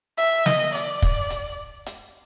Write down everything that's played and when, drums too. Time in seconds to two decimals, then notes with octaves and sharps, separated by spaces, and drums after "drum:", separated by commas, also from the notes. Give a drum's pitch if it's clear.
0.18 E5
0.46 D#5, drum: snare
0.75 D5, drum: hi-hat
1.02 drum: kick, hi-hat
1.30 drum: hi-hat
1.86 drum: hi-hat